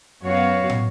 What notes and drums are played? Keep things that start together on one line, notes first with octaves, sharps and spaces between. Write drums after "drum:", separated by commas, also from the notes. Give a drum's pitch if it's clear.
F#2 B3 F#4 C#5 F5
drum: tom